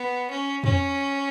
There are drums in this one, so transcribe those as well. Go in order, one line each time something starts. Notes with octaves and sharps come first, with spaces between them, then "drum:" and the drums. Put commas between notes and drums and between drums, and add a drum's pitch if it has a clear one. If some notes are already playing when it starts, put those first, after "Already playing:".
Already playing: B3
C#4
C#4, drum: tom